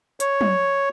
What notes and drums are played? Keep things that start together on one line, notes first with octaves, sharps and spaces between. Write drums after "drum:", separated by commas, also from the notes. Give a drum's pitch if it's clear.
C#5, drum: hi-hat
drum: tom